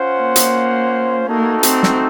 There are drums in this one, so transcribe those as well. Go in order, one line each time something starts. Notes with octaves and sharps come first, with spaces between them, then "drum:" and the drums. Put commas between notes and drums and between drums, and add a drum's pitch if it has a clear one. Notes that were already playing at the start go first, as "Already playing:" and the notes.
Already playing: C#4 F4 C5 F#5
A#3
drum: hi-hat
A3 A#3 D#4 F#4 A4
C4, drum: hi-hat
drum: snare